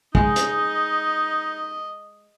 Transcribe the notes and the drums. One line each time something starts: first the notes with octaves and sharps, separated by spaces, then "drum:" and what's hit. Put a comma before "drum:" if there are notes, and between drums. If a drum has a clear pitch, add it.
G#3 D#4 D#5, drum: kick
drum: hi-hat